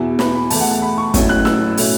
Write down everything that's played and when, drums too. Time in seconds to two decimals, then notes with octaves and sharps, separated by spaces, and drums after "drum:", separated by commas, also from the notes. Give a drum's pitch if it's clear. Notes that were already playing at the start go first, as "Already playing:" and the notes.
Already playing: E2 B2 B3 E4
0.19 B5, drum: snare
0.35 B5
0.50 E2 E3 A3 E4 A5, drum: open hi-hat
0.60 F#5
0.71 A5
0.82 B5
0.98 C#6
1.14 A1 A2 F#3 C#4 E4, drum: kick, hi-hat
1.29 F#6
1.45 E6, drum: snare
1.77 B2 A3 C#4 E4, drum: open hi-hat